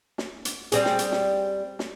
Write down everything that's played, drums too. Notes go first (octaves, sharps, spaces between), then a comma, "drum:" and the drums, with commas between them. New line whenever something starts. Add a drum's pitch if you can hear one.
drum: snare
drum: hi-hat
G3 C4 G#4, drum: hi-hat
drum: snare
drum: hi-hat
drum: snare
drum: snare